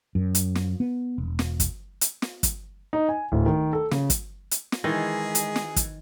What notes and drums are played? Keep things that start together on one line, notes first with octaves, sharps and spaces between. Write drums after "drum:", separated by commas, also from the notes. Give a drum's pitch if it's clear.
F#2
drum: hi-hat
drum: snare
B3
E1
drum: snare
drum: kick, hi-hat
drum: hi-hat
drum: snare
drum: kick, hi-hat
D#4
G#5
D1
D#3
A4
C#3, drum: snare
drum: kick, hi-hat
drum: hi-hat
drum: snare
D#3 E3 G#3 G#4
drum: hi-hat
drum: snare
drum: kick, hi-hat